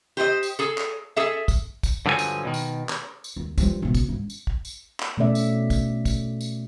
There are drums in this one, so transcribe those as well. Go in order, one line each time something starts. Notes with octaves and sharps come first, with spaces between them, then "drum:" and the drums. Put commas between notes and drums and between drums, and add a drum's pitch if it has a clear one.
G4 C5 D5 D#5
drum: tambourine
G#4 A4
drum: clap
G#4 A4 E5
drum: kick, tambourine
drum: kick, tambourine
G2 D3 F3 F#3 A4 G#5
drum: tambourine
B2 D#3
drum: tambourine
drum: clap
drum: tambourine
D#2
G2 F3, drum: kick, tambourine
F#1 B2
drum: kick, tambourine
G#2
drum: tambourine
drum: kick
drum: tambourine
drum: clap
B2 A3 B3 C#4 D5 E5
drum: tambourine
drum: kick, tambourine
drum: kick, tambourine
drum: tambourine